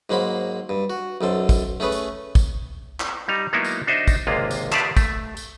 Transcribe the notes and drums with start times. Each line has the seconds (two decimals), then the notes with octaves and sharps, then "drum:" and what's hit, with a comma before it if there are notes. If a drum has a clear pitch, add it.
0.10 G#2 F#3 A#3 C5 B5
0.69 G2
0.90 F#4
1.21 B1 F#2 A4 C5
1.49 drum: kick, tambourine
1.80 A3 C#4 G#4 B4
1.92 drum: tambourine
2.35 drum: kick, tambourine
3.00 drum: clap
3.28 G3 D#4 A#5
3.53 F#3 G#3 A#3 B3 D#4 E4
3.64 drum: tambourine
3.87 D4 D#4 F#4 C5 D#5 E5
4.08 drum: kick, tambourine
4.27 G#1 C#2 C3 G#3 A#3 F4
4.51 drum: tambourine
4.72 G4 B4 D5 E5 F5 A5, drum: clap
4.97 A3, drum: kick, tambourine
5.37 drum: tambourine